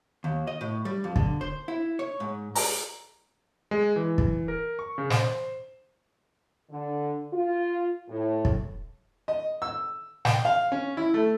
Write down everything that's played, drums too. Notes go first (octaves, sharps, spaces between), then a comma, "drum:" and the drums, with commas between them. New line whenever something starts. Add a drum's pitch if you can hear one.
D#2
D#5
A2
G3
F2
D3, drum: kick
C5
E4
C#5
G#2
A#5, drum: open hi-hat
G#3
E3
drum: kick
A#4
C#6
C#3
C5, drum: snare
D3
F4
A2
drum: kick
D#5
E6
G5, drum: snare
F5
C#4
E4
A3